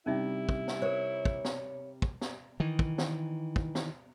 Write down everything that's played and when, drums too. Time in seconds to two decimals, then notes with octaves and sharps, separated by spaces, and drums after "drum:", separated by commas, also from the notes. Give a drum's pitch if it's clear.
0.06 C3 G3 C#4 D#4 E4 E5
0.49 drum: kick
0.68 drum: snare
0.82 A#4 C5 C#5
1.25 drum: kick
1.45 drum: snare
2.02 drum: kick
2.21 drum: snare
2.60 D#3 E3
2.79 drum: kick
2.98 drum: snare
3.56 drum: kick
3.75 drum: snare